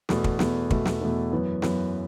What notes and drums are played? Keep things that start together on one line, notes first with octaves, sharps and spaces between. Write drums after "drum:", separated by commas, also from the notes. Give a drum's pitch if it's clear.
E2 B2 A3, drum: snare
drum: kick
E2 B2 A3, drum: snare
E2 B2 A3, drum: kick
drum: snare
E2 B2 A3
F#2 E3 B3
F#2 E3 B3, drum: snare